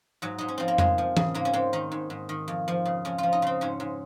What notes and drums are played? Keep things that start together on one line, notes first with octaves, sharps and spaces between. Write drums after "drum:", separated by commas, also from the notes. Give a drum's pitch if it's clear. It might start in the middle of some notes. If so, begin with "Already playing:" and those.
G#2 F#3
G#2 D#4
C#4
F3 C4
A#3
F2 G#3, drum: tom F2
F3
C#3, drum: tom E3
G#2 A#3
C#4
G#2 C4
D#3 D#4
G#2
G#2
D#3
F2
F3
C#3
F2 C#4
F3 F4
D#4
C#3 C4
G#2 C#4
G#2